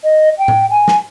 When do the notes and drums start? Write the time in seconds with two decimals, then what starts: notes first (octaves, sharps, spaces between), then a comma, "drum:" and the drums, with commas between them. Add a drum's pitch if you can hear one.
0.04 D#5
0.38 G5
0.48 drum: tom A2
0.68 G#5
0.88 drum: snare